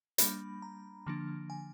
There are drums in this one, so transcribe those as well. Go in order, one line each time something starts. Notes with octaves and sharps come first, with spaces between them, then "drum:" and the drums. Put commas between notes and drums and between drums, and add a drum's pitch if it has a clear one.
G3 A#3 D4 B5, drum: hi-hat
A#5
D3 F3 A#3 D4
G#5